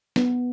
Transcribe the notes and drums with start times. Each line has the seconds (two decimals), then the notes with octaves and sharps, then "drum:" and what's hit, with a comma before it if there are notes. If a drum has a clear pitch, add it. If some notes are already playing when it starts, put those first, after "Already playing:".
0.16 B3, drum: snare